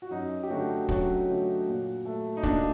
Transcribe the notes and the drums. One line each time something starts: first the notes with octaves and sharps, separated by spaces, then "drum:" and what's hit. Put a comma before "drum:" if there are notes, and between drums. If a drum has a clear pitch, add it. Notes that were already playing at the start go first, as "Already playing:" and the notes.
F#4
F#2 D#4
G4
D3 F#3 A3 F#4
F#2 F#3 F#4, drum: kick
D3 A3
A#2
A3
D#4
A#2 D4, drum: kick